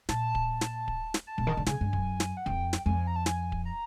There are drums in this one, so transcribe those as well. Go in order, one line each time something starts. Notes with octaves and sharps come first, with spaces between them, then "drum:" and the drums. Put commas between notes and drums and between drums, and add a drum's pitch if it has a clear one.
A#2 A5, drum: snare
drum: kick D1
drum: snare
drum: kick D1
drum: snare
A5
B2, drum: kick D1
D#3
D3
C#3 G#5, drum: snare
G2
F#2, drum: kick D1
drum: snare
F#5
F2 G5, drum: kick D1
drum: snare
F2 G#5
A#5
A5
G#5, drum: snare
drum: kick D1
A#5